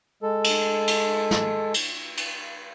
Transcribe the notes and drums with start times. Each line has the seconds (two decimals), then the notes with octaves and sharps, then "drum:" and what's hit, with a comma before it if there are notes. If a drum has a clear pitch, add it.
0.23 G#3 A4
0.44 drum: cymbal
0.88 drum: cymbal
1.31 drum: snare
1.74 drum: cymbal
2.17 drum: cymbal